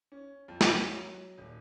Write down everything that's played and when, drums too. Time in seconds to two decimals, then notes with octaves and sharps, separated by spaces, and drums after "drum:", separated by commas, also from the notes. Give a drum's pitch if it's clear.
0.12 C#4
0.48 F2
0.61 F#5, drum: snare
0.88 F#3
1.38 D#1